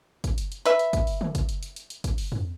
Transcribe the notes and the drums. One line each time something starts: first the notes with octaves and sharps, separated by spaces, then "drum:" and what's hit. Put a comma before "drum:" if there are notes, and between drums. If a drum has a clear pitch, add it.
drum: kick, hi-hat
drum: hi-hat
drum: hi-hat
B4 E5, drum: hi-hat
drum: hi-hat
drum: kick, hi-hat
drum: open hi-hat
drum: tom
drum: kick, hi-hat
drum: hi-hat
drum: hi-hat
drum: hi-hat
drum: hi-hat
drum: kick, hi-hat
drum: open hi-hat
drum: tom